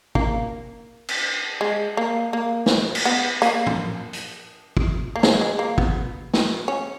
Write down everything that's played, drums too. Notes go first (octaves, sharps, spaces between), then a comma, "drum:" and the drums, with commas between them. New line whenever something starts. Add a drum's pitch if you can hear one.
A#3, drum: kick
drum: cymbal
G#3
A#3
A#3
drum: snare
drum: cymbal
B3
A#3, drum: hi-hat
drum: tom
drum: hi-hat
drum: kick
A#3
G#3, drum: snare
G#3
A#3
B3, drum: kick
drum: snare
C#4